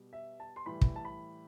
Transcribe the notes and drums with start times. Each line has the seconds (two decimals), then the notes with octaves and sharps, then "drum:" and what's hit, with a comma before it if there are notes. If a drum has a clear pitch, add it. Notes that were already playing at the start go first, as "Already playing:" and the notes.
Already playing: B2 G3
0.13 E5
0.40 A5
0.56 C6
0.66 A2 E3 G3 B5
0.81 drum: kick
0.96 A5
1.05 B5